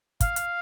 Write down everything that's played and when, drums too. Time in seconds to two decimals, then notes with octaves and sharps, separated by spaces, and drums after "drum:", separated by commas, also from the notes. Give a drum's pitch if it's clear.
0.21 F5, drum: kick, hi-hat
0.36 drum: hi-hat